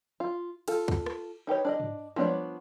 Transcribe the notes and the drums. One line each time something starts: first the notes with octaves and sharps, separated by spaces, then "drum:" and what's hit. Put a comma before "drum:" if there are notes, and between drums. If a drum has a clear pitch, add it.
F4
F4 A4, drum: cymbal
drum: kick
drum: rim click
D#4 G4 B4 C#5
D4 D5 D#5
drum: tom
F3 B3 D4 C#5 D5, drum: tom